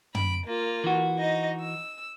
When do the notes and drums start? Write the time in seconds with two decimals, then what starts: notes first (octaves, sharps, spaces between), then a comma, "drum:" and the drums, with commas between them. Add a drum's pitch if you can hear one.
0.15 B5 D7, drum: tom
0.46 A#3 F4
0.84 E3 F#4
1.18 D#4 D#5
1.60 E6